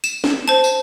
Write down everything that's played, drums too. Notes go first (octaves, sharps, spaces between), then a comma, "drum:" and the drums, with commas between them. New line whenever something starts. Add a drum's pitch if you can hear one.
E7, drum: tambourine
drum: snare
C5 A5
drum: tambourine